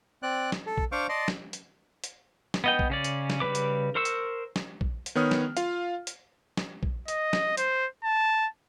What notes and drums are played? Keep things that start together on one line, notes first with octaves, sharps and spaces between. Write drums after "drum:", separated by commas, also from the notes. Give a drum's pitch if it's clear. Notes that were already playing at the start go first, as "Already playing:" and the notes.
C4 D5 F#6
drum: snare
A4
drum: kick
D4 C5 F5 C#6 D6
D5 D#5 A5 C6
drum: snare
drum: hi-hat
drum: hi-hat
drum: snare
B3 D#5 G5
drum: kick
C#3 C#4 D5
drum: hi-hat
drum: snare
C#3 G3 B4 D6
drum: hi-hat
A#4 C5 C#6 E6
drum: hi-hat
drum: snare
drum: kick
drum: hi-hat
D#3 B3 C#5 D#6 F6
drum: snare
F4 F5, drum: hi-hat
drum: hi-hat
drum: snare
drum: kick
D#5, drum: hi-hat
drum: snare
C5, drum: hi-hat
A5